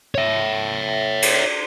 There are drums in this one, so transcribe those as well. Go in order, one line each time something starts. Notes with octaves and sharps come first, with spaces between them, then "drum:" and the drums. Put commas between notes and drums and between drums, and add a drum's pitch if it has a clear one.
C#5 E5
drum: cymbal